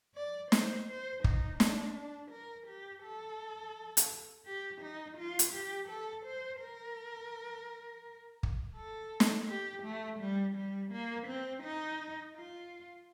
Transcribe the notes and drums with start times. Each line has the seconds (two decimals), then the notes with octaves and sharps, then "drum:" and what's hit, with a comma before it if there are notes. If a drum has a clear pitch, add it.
0.16 D5
0.52 C5, drum: snare
0.88 C5
1.24 D#4, drum: kick
1.60 D4, drum: snare
1.95 D4
2.32 A#4
2.68 G4
3.03 A4
3.97 drum: hi-hat
4.46 G4
4.82 D#4
5.18 F4
5.39 drum: hi-hat
5.54 G4
5.89 A4
6.26 C5
6.61 A#4
8.43 drum: kick
8.76 A4
9.20 drum: snare
9.49 G4
9.84 A3
10.20 G3
10.56 G3
10.92 A#3
11.28 C4
11.64 D#4
12.35 F4